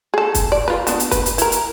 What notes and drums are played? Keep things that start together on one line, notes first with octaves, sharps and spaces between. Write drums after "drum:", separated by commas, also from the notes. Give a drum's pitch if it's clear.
G#4 A4
drum: kick, hi-hat
D5
F4 B4
B3 D4, drum: hi-hat
drum: hi-hat
B4, drum: kick, hi-hat
drum: hi-hat
E4 A#4, drum: hi-hat
drum: hi-hat